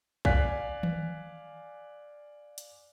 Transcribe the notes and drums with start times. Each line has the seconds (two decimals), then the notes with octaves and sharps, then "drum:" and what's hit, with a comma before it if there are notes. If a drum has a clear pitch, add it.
0.25 D5 F5 G#5 F#6 B6, drum: kick A#1
0.83 drum: tom D#3
2.58 drum: hi-hat